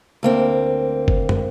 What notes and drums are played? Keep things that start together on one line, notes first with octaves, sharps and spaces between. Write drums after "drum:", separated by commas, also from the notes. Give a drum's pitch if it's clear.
D2 A#3 C4
drum: kick F#1
drum: tom